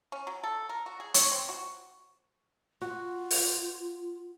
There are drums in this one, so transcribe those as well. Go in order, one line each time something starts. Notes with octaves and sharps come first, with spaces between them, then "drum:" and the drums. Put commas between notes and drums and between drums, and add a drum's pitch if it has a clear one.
C#4
F#3
A4
A#4
F#4
G#4
C#5, drum: hi-hat
C4
F#4
F4 F#4
drum: open hi-hat